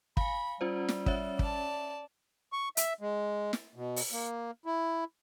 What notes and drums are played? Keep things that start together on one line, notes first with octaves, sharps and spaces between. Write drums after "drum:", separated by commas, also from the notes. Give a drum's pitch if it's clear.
F5 G#5 B5, drum: kick
G3 C#4 F4 C5
drum: snare
C#4 C#5 E5, drum: kick
D5 A5, drum: kick
C#6
E5, drum: hi-hat
G#3
drum: snare
B2
drum: open hi-hat
A#3
E4